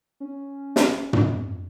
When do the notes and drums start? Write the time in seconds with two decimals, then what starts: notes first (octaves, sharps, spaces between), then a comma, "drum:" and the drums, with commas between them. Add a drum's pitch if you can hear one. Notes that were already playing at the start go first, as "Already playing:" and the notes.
0.20 C#4
0.76 drum: snare
1.13 drum: tom